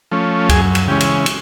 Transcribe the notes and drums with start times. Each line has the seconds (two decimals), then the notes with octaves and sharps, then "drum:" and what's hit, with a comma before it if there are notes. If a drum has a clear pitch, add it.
0.11 F3 A3 C#4
0.49 F#2 G#4, drum: kick C#2, cymbal
0.75 drum: cymbal
0.87 C#3 E3 G#3 C#4 G4
1.00 drum: cymbal
1.26 drum: cymbal